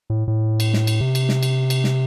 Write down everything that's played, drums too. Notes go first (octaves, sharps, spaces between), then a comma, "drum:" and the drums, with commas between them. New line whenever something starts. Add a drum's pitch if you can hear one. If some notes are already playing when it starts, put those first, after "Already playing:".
A2
A2
drum: cymbal
drum: snare
drum: cymbal
C3
drum: cymbal
drum: snare
drum: cymbal
drum: cymbal
drum: snare